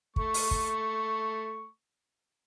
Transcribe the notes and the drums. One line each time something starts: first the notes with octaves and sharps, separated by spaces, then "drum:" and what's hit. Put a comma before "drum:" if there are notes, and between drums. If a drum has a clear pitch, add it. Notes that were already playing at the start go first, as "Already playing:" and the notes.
A3 C#6, drum: kick
drum: open hi-hat
drum: kick